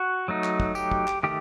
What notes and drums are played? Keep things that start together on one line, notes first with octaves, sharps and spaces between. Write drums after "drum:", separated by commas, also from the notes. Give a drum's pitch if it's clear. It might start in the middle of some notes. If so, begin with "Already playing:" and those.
Already playing: F#4
F#3 A3 D#4
drum: clap
drum: kick
G4, drum: tambourine
drum: kick
drum: clap
D#3 A3 G4